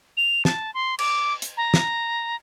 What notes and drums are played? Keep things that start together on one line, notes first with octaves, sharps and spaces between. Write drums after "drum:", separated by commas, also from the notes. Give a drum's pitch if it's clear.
F7
A5, drum: snare
C6
D6, drum: cymbal
drum: hi-hat
A#5
drum: snare